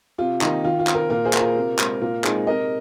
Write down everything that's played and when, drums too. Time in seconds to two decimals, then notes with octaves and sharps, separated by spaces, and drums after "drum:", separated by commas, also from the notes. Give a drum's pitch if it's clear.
0.18 C3 F4
0.41 D#3 A#3 D#4, drum: clap
0.64 D#3 F4
0.79 F4
0.87 C4, drum: clap
0.95 F4 A#4
1.10 A#2 F4 A#4
1.25 G#4 C5
1.33 A#3, drum: clap
1.40 F4 A#4
1.55 C3
1.79 G#3 C4, drum: clap
2.01 A#2 F4 A#4
2.24 G#3 C4 D#4 G#4, drum: clap
2.47 C3 A#4 D#5